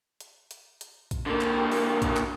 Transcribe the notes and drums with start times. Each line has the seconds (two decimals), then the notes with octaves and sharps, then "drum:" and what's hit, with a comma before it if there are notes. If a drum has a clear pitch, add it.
0.20 drum: hi-hat
0.51 drum: hi-hat
0.81 drum: hi-hat
1.11 drum: kick B1, hi-hat
1.26 D3 A#3
1.41 drum: clap
1.72 drum: open hi-hat
2.02 drum: kick B1, hi-hat
2.17 drum: clap